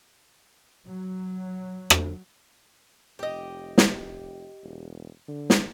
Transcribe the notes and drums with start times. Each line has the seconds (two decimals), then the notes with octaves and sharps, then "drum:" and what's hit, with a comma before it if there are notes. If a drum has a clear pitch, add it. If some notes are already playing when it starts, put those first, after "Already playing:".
0.87 F#3
1.90 drum: rim click
3.19 F1 G4 D#5
3.78 drum: snare
4.63 E1
5.28 D3
5.50 drum: snare